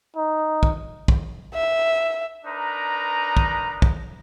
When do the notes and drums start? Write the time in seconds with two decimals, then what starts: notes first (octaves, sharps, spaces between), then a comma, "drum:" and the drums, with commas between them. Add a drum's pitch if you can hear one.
0.16 D#4
0.63 drum: kick
1.08 drum: kick
1.54 E5
2.45 D4 D#4 A#4 B4 A#5
3.37 drum: kick
3.82 drum: kick